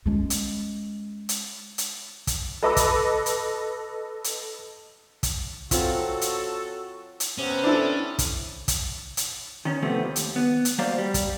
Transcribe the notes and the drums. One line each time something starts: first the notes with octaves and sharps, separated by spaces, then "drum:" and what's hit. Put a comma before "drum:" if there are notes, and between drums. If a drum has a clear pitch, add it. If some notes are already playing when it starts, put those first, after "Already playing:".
G#3 C#4
drum: hi-hat
drum: hi-hat
drum: hi-hat
drum: kick, hi-hat
A4 B4 D#5 B5 D6 E6
drum: kick, hi-hat
drum: hi-hat
drum: hi-hat
drum: kick, hi-hat
F#3 C4 F4 F#4 A4, drum: kick, hi-hat
drum: hi-hat
drum: hi-hat
C3 B3 C#4
D4 E4 A4 C5
drum: kick, hi-hat
drum: kick, hi-hat
drum: hi-hat
D#3 C#4
C3 F3 A3 B3 C4
D#2
drum: hi-hat
B3
drum: hi-hat
F#3 A#3 C5 D5 F5
G3
drum: kick, hi-hat